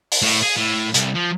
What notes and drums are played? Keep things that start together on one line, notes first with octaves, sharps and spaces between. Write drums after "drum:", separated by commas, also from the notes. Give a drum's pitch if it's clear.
drum: open hi-hat
A2
G#4
A2
C2, drum: hi-hat
F3